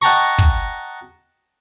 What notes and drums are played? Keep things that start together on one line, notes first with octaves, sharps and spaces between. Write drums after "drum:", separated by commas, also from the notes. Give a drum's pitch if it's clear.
D#5 F#5 G5 A5 A#5 C#6
drum: kick